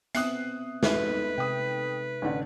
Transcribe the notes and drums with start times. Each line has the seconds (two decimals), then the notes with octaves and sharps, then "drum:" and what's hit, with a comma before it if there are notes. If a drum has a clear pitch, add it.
0.15 B3 C4 E5 D#6 F#6 C7, drum: hi-hat
0.83 G#3 D#4 A4 B4 E5, drum: snare
1.38 C3 G5 D#6
2.22 A1 D3